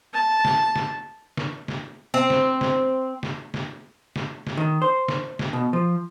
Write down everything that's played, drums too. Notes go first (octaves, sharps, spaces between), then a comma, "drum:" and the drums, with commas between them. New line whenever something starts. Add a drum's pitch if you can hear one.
A5
drum: snare
drum: snare
drum: snare
drum: snare
C4
drum: snare
drum: snare
drum: snare
drum: snare
drum: snare
drum: snare
D#3
C5
drum: snare
drum: snare
B2
F3